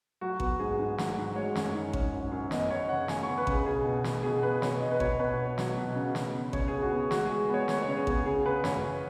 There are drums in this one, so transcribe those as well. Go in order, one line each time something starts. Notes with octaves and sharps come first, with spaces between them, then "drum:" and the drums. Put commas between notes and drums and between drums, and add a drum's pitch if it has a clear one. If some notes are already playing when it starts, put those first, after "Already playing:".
F#3 F#4
B3 F#4, drum: kick A1
G#2 G#4
G#2
F#3, drum: snare
G#2
G#3 C#5
F#2, drum: snare
D#3
C#4, drum: kick A1
F#2
F#2
B3 D#5, drum: snare
B3 C#5
C#3 F#5
C#3 G#5, drum: snare
B3 C#6
B4
C#3, drum: kick A1
G#4
B2 G#4
B2
B3, drum: snare
B2 G#4
B3 B4
B2 C#5, drum: snare
B2 D#5
B4
B2 C#5, drum: kick A1
B2 B4
B2
F#3, drum: snare
B2
C#3
C#3, drum: snare
B3
C#3 C#5, drum: kick A1
G#4
C#3
F#4
B3
G#4
G#3 F#4, drum: snare
G#3 G#4
B3 C#5
B3 C#5, drum: snare
C#5
C#3
G#4
B3 G#4, drum: kick A1
C#3 G#4
C#3 B4
F#2 C#5, drum: snare
F#2